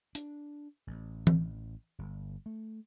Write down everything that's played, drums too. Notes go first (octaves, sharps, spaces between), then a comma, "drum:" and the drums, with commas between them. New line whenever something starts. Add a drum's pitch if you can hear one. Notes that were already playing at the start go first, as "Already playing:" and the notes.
D4, drum: hi-hat
A1
drum: tom E3
G1
A3